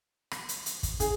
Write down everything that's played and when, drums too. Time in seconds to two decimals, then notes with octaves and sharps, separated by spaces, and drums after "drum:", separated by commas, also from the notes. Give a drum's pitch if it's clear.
0.31 drum: rim click
0.49 drum: hi-hat
0.66 drum: hi-hat
0.83 drum: kick, hi-hat
1.00 G#4, drum: kick, hi-hat